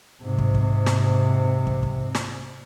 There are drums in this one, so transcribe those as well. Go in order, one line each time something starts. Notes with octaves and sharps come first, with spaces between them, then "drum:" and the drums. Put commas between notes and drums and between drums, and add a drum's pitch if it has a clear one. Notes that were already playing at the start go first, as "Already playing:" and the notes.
G#2 C3
drum: kick
drum: kick
drum: snare
drum: kick
drum: kick
drum: snare